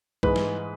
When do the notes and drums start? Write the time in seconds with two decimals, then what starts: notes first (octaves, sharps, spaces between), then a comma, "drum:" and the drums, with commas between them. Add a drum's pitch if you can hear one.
0.23 G#2 E3 G#3 B4, drum: kick B1
0.36 drum: snare